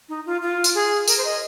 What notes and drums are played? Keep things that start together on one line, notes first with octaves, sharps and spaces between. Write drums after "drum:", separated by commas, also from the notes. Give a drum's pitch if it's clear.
D#4
F4
F4
drum: tambourine
G#4
A#4, drum: tambourine
C5
D#5